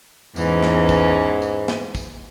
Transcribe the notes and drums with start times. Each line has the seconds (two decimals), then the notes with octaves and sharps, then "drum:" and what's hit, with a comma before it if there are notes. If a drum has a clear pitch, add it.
0.36 E2 G#2 E3 C#4, drum: tambourine
0.63 drum: snare
0.89 drum: kick, tambourine
1.42 drum: tambourine
1.68 drum: snare
1.95 drum: kick, tambourine